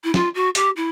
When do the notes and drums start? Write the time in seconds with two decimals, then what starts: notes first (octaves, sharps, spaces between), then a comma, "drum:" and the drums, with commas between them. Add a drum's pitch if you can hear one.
0.04 E4
0.14 F4, drum: snare
0.35 F#4
0.55 G4, drum: hi-hat
0.76 E4